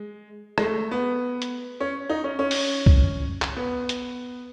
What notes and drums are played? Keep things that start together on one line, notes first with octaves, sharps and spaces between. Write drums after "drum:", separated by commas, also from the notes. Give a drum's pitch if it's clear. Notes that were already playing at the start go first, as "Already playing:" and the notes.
Already playing: G#3
G#3, drum: rim click
A3
B3
drum: hi-hat
C#4
D#4
C#4
C#4
drum: open hi-hat
drum: kick C2
drum: clap
B3
drum: hi-hat